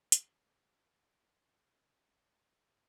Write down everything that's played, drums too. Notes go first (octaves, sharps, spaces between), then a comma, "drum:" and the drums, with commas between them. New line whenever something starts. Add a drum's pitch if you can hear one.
C#3, drum: hi-hat
E2
C3
G#2